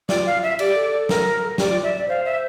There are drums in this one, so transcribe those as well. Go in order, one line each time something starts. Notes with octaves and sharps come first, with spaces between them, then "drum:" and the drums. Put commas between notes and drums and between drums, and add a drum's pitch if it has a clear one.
F4 D5, drum: snare
F5
E5
G4 D5, drum: cymbal
A4
A4
A4 A#4, drum: snare
G4 D5, drum: snare
F4
D5 E5
D5
C5 F5
E5